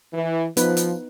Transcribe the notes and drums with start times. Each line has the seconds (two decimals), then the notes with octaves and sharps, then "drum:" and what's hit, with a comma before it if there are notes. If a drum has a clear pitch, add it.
0.13 E3
0.57 F3 B3 D#4 B4, drum: hi-hat
0.77 drum: hi-hat